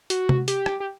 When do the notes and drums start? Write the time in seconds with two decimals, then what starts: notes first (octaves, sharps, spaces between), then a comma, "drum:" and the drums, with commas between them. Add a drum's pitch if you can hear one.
0.10 F#4, drum: hi-hat
0.29 drum: tom C3
0.48 G4, drum: hi-hat
0.66 drum: rim click
0.80 G4